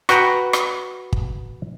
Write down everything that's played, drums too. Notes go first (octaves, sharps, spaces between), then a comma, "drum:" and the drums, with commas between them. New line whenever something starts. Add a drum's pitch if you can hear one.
F#4 B4 G5 A#5, drum: rim click
drum: rim click
drum: kick